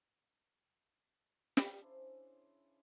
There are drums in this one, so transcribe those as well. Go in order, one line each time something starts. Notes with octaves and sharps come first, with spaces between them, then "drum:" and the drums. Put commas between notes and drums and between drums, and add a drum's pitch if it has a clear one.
drum: snare
C#3 D4 E4 C5